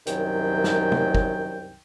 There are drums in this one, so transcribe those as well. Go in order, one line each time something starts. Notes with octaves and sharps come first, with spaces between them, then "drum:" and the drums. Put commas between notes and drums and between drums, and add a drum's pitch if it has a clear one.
C2 F#2 D#3 F#3 G5, drum: hi-hat
drum: snare
drum: tom
drum: kick